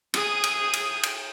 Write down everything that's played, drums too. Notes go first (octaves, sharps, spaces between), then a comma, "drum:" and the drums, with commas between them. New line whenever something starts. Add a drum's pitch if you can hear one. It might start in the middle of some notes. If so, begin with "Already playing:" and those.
G#4 D#6, drum: cymbal
drum: cymbal
drum: cymbal
drum: cymbal